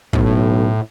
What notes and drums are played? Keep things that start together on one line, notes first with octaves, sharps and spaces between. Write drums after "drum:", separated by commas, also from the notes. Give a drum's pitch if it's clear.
B1 A2, drum: kick